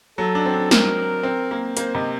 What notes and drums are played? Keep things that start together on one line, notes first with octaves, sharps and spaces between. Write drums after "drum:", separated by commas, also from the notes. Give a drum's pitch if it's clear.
F#3 A4
D4
C4
D4
A#4, drum: snare
C4
A#3
A#3 C5, drum: hi-hat
C3 D#5